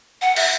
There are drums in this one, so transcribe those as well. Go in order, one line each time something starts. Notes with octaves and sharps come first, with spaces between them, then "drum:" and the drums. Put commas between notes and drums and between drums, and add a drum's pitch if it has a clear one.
F#5
E5, drum: cymbal